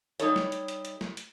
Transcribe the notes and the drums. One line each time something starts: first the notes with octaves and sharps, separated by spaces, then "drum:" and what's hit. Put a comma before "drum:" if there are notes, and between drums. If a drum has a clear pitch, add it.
G3 D#4 A4 C#5, drum: hi-hat
drum: snare
drum: hi-hat
drum: hi-hat
drum: hi-hat
drum: snare
drum: hi-hat